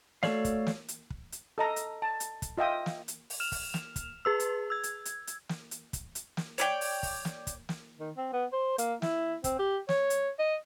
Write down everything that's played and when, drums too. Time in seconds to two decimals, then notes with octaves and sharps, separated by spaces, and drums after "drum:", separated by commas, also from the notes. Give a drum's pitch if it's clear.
0.23 A3 F#4 A4 C#5 D5 F5, drum: snare
0.45 drum: kick, hi-hat
0.67 drum: snare
0.88 drum: hi-hat
1.10 drum: kick
1.32 drum: hi-hat
1.58 A4 D#5 A#5
1.76 drum: hi-hat
2.02 A5
2.20 drum: hi-hat
2.42 drum: kick, hi-hat
2.58 F4 D#5 E5 G5 D#6
2.86 drum: snare
3.08 drum: hi-hat
3.30 drum: open hi-hat
3.40 F6 E7 F7
3.52 drum: kick, open hi-hat
3.74 drum: snare
3.96 drum: kick, hi-hat
4.25 G#4 B4 E6
4.40 drum: hi-hat
4.70 E6 G#6
4.83 drum: hi-hat
5.05 drum: hi-hat
5.27 drum: hi-hat
5.49 drum: snare
5.71 drum: hi-hat
5.93 drum: kick, hi-hat
6.15 drum: hi-hat
6.37 drum: snare
6.58 C#5 D5 G5, drum: hi-hat
6.81 drum: open hi-hat
7.03 drum: kick, open hi-hat
7.25 drum: snare
7.47 drum: kick, hi-hat
7.69 drum: snare
8.00 D#3
8.17 C4
8.33 B3
8.52 C5
8.78 A#3, drum: hi-hat
9.02 E4, drum: snare
9.44 C4, drum: kick, hi-hat
9.59 G4
9.89 C#5, drum: snare
10.10 drum: hi-hat
10.39 D#5